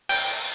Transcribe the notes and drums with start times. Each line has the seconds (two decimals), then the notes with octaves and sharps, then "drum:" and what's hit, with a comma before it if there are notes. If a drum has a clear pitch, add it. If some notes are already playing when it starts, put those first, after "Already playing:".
0.09 G5, drum: cymbal